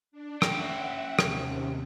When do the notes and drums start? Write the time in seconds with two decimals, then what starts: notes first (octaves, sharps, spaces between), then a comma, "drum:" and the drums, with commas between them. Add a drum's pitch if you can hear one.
0.12 D4
0.42 C#4 E5 F#5 G5, drum: rim click
1.19 D#2 C3, drum: rim click